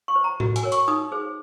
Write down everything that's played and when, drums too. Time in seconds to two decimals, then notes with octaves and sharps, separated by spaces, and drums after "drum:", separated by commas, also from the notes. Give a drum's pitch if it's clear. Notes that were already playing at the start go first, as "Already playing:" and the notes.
0.08 C#6
0.16 C5
0.24 A#5
0.40 F#4, drum: tom A2
0.56 G#5, drum: hi-hat
0.63 A#4 C#5
0.72 C#6, drum: hi-hat
0.88 D#4 D#6
1.12 G#4 C5